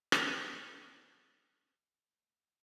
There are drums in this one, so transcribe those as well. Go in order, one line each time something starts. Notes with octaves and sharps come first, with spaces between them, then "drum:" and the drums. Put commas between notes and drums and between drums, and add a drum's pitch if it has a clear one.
drum: rim click
D#4
C#4
B3
A3